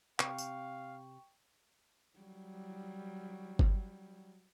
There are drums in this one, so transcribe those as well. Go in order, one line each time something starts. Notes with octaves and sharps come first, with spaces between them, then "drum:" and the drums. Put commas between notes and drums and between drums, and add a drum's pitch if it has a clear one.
C3 F5 G5 C#6, drum: clap
drum: tambourine
F#3 G3
drum: kick G1